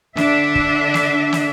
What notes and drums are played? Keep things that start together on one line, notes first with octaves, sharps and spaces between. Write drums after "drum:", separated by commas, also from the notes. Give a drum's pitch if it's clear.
D3 D4 E5, drum: snare
drum: kick
drum: snare
drum: snare